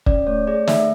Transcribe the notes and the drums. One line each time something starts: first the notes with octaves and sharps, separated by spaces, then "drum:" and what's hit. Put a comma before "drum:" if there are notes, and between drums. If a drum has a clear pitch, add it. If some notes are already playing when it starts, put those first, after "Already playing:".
C#4 D5, drum: kick
A3 C#5
G#4 D5
A3 E5, drum: snare